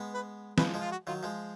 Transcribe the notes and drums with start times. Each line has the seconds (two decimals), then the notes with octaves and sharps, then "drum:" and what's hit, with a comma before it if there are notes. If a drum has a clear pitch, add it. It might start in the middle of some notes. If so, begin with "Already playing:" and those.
Already playing: G#3 B3
0.14 B4
0.58 F3 G#3 B4, drum: snare
0.74 F3 G#3
0.80 F4
0.91 F#4
1.07 D#3 F#3 F4
1.23 F3 G#3